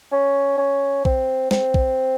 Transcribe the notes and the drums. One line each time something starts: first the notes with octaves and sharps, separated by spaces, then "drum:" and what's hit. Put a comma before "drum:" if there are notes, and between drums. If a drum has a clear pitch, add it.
C#4
C#4
C4, drum: kick
C4, drum: snare
drum: kick